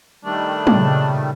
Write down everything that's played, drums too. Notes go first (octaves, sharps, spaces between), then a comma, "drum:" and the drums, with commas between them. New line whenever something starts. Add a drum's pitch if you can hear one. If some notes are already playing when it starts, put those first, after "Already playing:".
D#3 G3 A3 D4
A#2 C#3, drum: tom